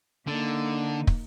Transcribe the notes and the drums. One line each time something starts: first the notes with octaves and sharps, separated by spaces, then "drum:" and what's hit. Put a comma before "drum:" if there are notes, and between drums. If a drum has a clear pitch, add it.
D3 A#3 D#4
drum: kick